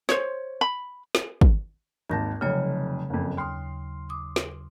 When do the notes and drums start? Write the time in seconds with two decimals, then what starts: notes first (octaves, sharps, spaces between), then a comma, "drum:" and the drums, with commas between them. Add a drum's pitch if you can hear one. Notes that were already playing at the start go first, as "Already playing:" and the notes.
0.09 C5 C#5, drum: snare
0.61 B5
1.15 drum: snare
1.41 drum: kick
2.10 G#1 D#2 A5 G6 A#6
2.41 F1 F2 C#3 F#3 C#5
3.10 F#1 F2
3.37 D#2 C6 D#6 F6
4.09 D6 D#6
4.36 drum: snare